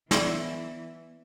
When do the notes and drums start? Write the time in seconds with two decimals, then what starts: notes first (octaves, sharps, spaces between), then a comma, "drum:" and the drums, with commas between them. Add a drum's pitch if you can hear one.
0.11 E3 B3 D5 E5 B5, drum: snare